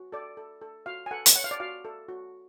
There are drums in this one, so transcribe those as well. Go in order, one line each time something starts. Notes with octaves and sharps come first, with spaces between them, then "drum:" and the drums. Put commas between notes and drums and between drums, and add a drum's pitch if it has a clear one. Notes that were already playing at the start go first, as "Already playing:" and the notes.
Already playing: F#4
A4 D5
A4
A4
F#4 F5
G#5
A4 F#5
drum: hi-hat
C#5 F#5
F5
D5
F#4 F5
A4
F#4